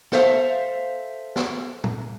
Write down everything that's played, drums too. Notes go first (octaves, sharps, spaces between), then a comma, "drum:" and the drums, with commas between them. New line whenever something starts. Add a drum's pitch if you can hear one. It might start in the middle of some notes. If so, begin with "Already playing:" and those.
A4 C5 E5 F5, drum: snare
drum: snare
drum: tom